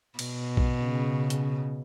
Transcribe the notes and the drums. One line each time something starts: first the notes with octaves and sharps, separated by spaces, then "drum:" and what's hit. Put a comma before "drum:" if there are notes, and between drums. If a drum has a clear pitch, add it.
B2, drum: cymbal
drum: kick A#1
C#3
drum: hi-hat